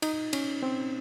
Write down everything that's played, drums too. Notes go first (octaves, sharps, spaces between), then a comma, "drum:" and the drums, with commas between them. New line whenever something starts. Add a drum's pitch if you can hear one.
D#4, drum: cymbal
C#4, drum: cymbal
C4